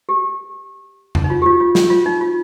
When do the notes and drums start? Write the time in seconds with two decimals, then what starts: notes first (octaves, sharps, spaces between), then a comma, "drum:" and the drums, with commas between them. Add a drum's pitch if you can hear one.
0.09 G4
1.15 drum: tom E2
1.24 D#4
1.30 F4
1.42 G4
1.46 F4
1.60 F4
1.75 F4, drum: snare
1.90 F4
2.06 D#4
2.21 F4